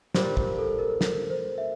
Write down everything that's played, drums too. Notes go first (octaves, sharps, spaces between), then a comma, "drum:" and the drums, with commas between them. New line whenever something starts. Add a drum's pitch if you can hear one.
A#2 G3 A#3 D4 C5, drum: snare
A#4, drum: kick
A4
A#4
A#4, drum: snare
C5
E5